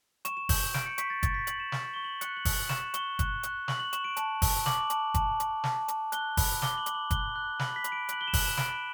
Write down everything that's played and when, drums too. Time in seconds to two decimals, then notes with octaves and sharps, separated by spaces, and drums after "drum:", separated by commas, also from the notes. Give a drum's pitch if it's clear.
0.25 C#6 E7, drum: hi-hat
0.37 E7
0.49 G6 F#7, drum: kick, open hi-hat
0.61 E7
0.74 G6 D7, drum: snare
0.86 C#7
0.98 C#6 B6, drum: hi-hat
1.10 A6
1.23 C#6 A6, drum: kick, hi-hat
1.35 B6
1.47 C#6 F#7, drum: hi-hat
1.60 E7
1.72 C#6, drum: snare
1.94 C#6 G7
2.04 F#7
2.21 F#6 C#7, drum: hi-hat
2.37 F#7
2.45 F#6, drum: kick, open hi-hat
2.53 F#7
2.69 C#6 E7, drum: snare
2.94 C#6 G7, drum: hi-hat
3.19 F#6, drum: kick, hi-hat
3.43 F#6, drum: hi-hat
3.68 C#6 F#7, drum: snare
3.80 F#7
3.93 C#6 E7, drum: hi-hat
4.04 D7
4.17 A5, drum: hi-hat
4.42 A5, drum: kick, open hi-hat
4.66 D6 F#7, drum: snare
4.90 A5, drum: hi-hat
5.14 A5, drum: kick, hi-hat
5.40 A5, drum: hi-hat
5.64 A5, drum: snare
5.88 A5, drum: hi-hat
6.12 F#6 G7, drum: hi-hat
6.37 B5, drum: kick, open hi-hat
6.62 D6 G7, drum: snare
6.78 F#7
6.86 D6, drum: hi-hat
6.95 F#7
7.11 F#6 G7, drum: kick, hi-hat
7.36 F#6
7.59 B5 F#7, drum: snare
7.76 B6
7.84 B5, drum: hi-hat
7.92 D7
8.09 F#6 F#7, drum: hi-hat
8.21 G7
8.28 E7
8.33 F#6 F#7, drum: kick, open hi-hat
8.46 E7
8.57 B5 D7, drum: snare